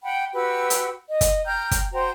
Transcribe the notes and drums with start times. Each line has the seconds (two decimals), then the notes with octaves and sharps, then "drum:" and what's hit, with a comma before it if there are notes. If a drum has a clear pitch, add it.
0.04 F#5 G5 B5
0.34 F#4 G4 B4 E6
0.70 drum: hi-hat
1.09 D#5
1.21 drum: kick, hi-hat
1.46 G5 A#5 F6 G6
1.71 drum: kick, hi-hat
1.93 F#4 C5 G5 A#5